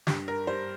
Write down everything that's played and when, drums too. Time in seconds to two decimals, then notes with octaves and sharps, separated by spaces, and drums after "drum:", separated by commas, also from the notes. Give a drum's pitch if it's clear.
0.07 G2 G4, drum: snare
0.28 A#4
0.47 G3 C5